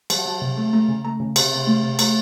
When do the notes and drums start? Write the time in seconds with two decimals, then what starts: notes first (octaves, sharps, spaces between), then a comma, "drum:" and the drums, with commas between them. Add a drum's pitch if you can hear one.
0.10 F#3 A5, drum: cymbal
0.19 F#5
0.26 F#3 A5
0.42 C3
0.57 A3
0.73 A3 A#5
0.88 C#3
1.05 A3 A#5
1.20 C#3
1.36 C3 C6, drum: cymbal
1.52 C3
1.67 A3 C6
1.83 C3
1.99 A3 A#5, drum: cymbal